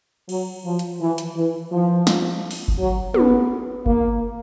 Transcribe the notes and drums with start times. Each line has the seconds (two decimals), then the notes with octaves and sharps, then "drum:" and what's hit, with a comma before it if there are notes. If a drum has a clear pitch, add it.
0.29 F#3, drum: cymbal
0.65 F3
0.79 drum: hi-hat
1.00 E3
1.18 drum: hi-hat
1.36 E3
1.72 F3
2.07 drum: snare
2.51 drum: open hi-hat
2.68 drum: kick G1
2.78 F#3
3.14 B3, drum: tom
3.86 A#3, drum: kick G1